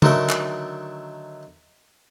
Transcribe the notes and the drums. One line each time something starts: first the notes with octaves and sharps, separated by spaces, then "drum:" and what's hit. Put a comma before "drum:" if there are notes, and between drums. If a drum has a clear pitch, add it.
D3 D#3 F#3 A3 A#4, drum: tom C#3
drum: clap